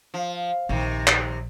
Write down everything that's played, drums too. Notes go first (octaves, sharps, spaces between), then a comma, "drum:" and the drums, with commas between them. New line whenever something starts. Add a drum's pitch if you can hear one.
F3
A#1 C3 D#3
drum: clap